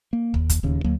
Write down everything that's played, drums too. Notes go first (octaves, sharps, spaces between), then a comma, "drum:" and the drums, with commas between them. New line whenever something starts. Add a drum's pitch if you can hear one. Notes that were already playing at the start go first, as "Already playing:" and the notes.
A#3
D#2, drum: kick
drum: kick, hi-hat
D1 D#2 C#3
D2 F#3 A#3